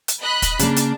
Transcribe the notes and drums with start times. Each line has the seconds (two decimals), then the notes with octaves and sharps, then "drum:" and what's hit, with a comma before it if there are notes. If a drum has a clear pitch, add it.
0.08 drum: hi-hat
0.21 D#5 B5 F#6
0.42 drum: kick, hi-hat
0.59 C#3 A#3 D4, drum: hi-hat
0.76 drum: hi-hat